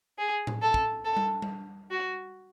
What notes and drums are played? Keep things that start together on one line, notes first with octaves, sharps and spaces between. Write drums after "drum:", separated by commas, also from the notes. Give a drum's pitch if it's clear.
G#4
drum: tom A2
A4
drum: kick
A4
drum: tom G3
drum: tom G3
F#4